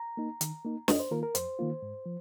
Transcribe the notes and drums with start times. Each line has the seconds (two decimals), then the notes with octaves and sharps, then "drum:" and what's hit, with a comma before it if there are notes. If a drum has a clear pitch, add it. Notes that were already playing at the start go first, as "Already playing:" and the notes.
Already playing: A#5
0.17 A#3 D#4
0.41 D#3, drum: hi-hat
0.65 A#3 D#4
0.88 F2 D#5, drum: snare
0.99 C5
1.11 D#3 A#3 F4 A#4
1.23 A#4
1.35 F2 C5, drum: hi-hat
1.59 D#3 A#3 F4
1.82 G#2
2.06 F3